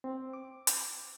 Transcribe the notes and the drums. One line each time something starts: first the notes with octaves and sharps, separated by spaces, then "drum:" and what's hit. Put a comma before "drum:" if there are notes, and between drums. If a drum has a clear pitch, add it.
C4
D6
drum: hi-hat